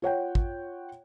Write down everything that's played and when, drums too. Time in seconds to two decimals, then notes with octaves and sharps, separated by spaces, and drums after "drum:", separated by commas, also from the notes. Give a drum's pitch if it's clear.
0.02 F4 C#5 F#5 G5
0.35 drum: kick